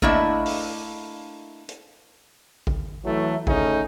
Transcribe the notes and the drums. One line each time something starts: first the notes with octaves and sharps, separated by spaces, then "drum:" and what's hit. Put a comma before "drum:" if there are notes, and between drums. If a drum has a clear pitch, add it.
A3 A#3 D4 E4 D#5 E5, drum: kick G#1
drum: open hi-hat
drum: hi-hat
drum: kick G#1
E3 F#3 A3
C#3 A3 C#4 D#4, drum: kick G#1